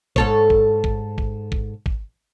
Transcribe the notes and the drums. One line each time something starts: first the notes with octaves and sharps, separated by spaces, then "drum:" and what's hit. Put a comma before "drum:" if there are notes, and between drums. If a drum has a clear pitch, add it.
G#2 A4 C#5, drum: kick
drum: kick
drum: kick
drum: kick
drum: kick
drum: kick